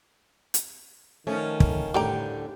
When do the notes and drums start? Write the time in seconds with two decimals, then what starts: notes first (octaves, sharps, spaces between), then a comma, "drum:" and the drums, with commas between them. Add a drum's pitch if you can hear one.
0.54 drum: hi-hat
1.27 D#3 F3 A3 C#4
1.60 drum: kick
1.94 A2 D3 G3 G4 G5 A#5